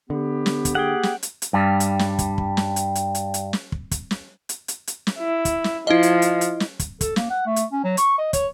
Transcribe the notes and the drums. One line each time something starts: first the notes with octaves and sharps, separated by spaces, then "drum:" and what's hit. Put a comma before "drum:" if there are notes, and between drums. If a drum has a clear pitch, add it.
D3 B3 G4
drum: snare
drum: kick, hi-hat
A#3 G4 G#4 F#5 G5
drum: snare
drum: hi-hat
drum: hi-hat
G2 G3
drum: hi-hat
drum: snare
drum: kick, hi-hat
drum: kick
drum: snare
drum: hi-hat
drum: hi-hat
drum: hi-hat
drum: hi-hat
drum: snare
drum: kick
drum: kick, hi-hat
drum: snare
drum: hi-hat
drum: hi-hat
drum: hi-hat
drum: snare
E4
drum: kick, hi-hat
drum: snare
F3 E4 D#5
drum: hi-hat
drum: hi-hat
drum: hi-hat
drum: snare
drum: kick, hi-hat
A4, drum: kick, hi-hat
A#3, drum: snare
F#5
A3
drum: hi-hat
C#4
F#3
C#6, drum: hi-hat
D#5
C#5, drum: kick, hi-hat